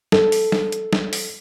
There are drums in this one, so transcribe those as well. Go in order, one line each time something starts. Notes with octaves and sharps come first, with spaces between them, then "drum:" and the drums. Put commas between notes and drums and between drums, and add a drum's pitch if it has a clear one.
A4, drum: snare
drum: open hi-hat
drum: snare
drum: hi-hat
drum: snare
drum: open hi-hat